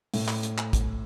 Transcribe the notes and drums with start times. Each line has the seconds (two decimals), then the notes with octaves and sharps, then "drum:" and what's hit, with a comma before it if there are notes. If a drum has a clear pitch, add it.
0.14 A2, drum: open hi-hat
0.28 drum: clap
0.43 drum: hi-hat
0.58 drum: clap
0.73 drum: kick, hi-hat